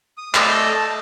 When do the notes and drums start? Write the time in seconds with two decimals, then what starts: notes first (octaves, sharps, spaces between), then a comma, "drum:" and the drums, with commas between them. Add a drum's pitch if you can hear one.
0.18 D#6
0.34 A3 D5 D#5 E6 G6, drum: clap
0.70 A5